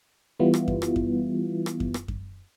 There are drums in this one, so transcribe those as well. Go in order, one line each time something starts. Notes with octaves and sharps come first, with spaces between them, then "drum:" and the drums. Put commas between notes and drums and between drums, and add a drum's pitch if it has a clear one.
E3 G3 B3 E4 F4
drum: rim click
drum: kick F#2
drum: rim click
drum: kick F#2
drum: rim click
drum: kick F#2
drum: rim click
drum: kick F#2